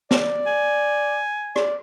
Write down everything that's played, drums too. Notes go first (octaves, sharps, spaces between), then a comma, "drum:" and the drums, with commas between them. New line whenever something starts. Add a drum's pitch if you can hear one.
D5, drum: snare
G#5
D5, drum: rim click